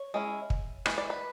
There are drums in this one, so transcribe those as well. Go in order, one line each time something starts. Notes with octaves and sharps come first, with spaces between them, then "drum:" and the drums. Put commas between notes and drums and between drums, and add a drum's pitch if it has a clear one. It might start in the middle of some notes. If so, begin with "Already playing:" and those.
Already playing: C#5
G#3 C#4 E4
drum: kick
E3 G#3, drum: rim click
D5
B4